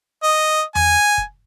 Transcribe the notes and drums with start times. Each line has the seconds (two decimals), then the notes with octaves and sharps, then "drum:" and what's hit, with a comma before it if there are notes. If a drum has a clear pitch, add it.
0.23 D#5
0.75 G#5, drum: tom E2
1.18 drum: kick